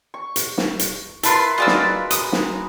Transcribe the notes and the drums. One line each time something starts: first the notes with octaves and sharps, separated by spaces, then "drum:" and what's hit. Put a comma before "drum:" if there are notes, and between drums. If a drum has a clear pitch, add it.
C#6
drum: hi-hat
drum: snare
drum: hi-hat
E4 F4 A#4 B4 A5 C6, drum: hi-hat
G#3 F4 F#4 D5 E6
drum: snare
D#6, drum: hi-hat
drum: snare